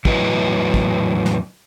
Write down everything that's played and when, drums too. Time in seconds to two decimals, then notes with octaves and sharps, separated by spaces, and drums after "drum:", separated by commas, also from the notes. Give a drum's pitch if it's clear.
0.05 E2 A2 F#3 E4 B4 D#5, drum: kick
0.74 drum: kick
1.26 drum: snare